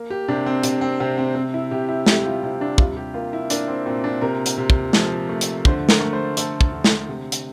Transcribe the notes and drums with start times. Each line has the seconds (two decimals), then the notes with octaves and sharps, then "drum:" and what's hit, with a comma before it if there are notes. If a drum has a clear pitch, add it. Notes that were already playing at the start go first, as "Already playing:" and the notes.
Already playing: A#3
0.10 G4
0.28 C3 D4
0.46 C4
0.63 C3, drum: hi-hat
0.81 C4
1.00 C3 C4
1.18 C4
1.35 C3 C4
1.54 E4
1.71 C3 G4
1.89 E4
2.06 G3 G4, drum: snare
2.26 F4
2.43 C3 E4
2.61 D4
2.78 G3 F4, drum: kick
2.97 G4
3.14 A#3 F4
3.33 E4
3.50 A#3 D4, drum: hi-hat
3.68 C4
3.86 A#2 C4
4.04 D4
4.21 C3 A#4
4.46 drum: hi-hat
4.58 C3
4.70 drum: kick
4.93 F3, drum: snare
5.29 A3
5.41 drum: hi-hat
5.65 D3 C5, drum: kick
5.89 A#4, drum: snare
6.01 A3
6.13 C5
6.37 A3 A4, drum: hi-hat
6.61 drum: kick
6.72 D3
6.84 drum: snare
7.09 C3
7.32 drum: hi-hat